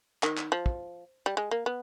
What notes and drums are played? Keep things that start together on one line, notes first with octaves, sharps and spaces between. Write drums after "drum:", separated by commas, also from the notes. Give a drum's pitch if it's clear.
D#3, drum: clap
drum: clap
F3
drum: kick
G3
G#3
A#3
B3